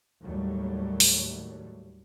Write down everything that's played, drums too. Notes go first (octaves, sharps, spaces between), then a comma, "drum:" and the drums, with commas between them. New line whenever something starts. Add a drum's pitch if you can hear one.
D#2 A2 F#3 G3 A3
drum: open hi-hat